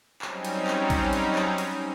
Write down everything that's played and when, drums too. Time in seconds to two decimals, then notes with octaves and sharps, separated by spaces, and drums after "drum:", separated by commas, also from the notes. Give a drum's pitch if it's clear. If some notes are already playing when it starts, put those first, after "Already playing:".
0.22 F#3 G3 C4 C#4 D#4, drum: clap
0.45 drum: cymbal
0.67 drum: clap
0.90 drum: kick A1, cymbal
1.13 drum: cymbal
1.35 drum: clap
1.58 drum: cymbal